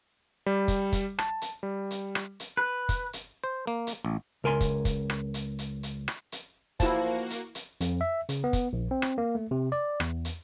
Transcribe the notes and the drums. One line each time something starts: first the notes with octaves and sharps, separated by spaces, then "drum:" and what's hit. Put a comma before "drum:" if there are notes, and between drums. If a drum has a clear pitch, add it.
G3
drum: kick, hi-hat
drum: kick, hi-hat
A5, drum: rim click
drum: hi-hat
G3
drum: hi-hat
drum: rim click
drum: hi-hat
B4
drum: kick, hi-hat
drum: hi-hat
C5
A#3
drum: hi-hat
A1
C#2 A#4 G#5 C6
drum: kick, hi-hat
drum: kick, hi-hat
drum: rim click
drum: hi-hat
drum: hi-hat
drum: hi-hat
drum: rim click
drum: hi-hat
F3 A#3 E4 F#4 A5, drum: kick, hi-hat
drum: hi-hat
drum: hi-hat
F2, drum: hi-hat
E5
C#3, drum: hi-hat
B3
drum: kick, hi-hat
A#1
C4
drum: rim click
A#3
A3
C3
D5
E2, drum: rim click
drum: hi-hat